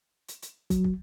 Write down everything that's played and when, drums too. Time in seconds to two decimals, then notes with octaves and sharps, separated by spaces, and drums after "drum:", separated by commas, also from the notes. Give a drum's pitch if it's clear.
0.28 drum: hi-hat
0.42 drum: hi-hat
0.70 F#3, drum: kick, hi-hat
0.84 drum: kick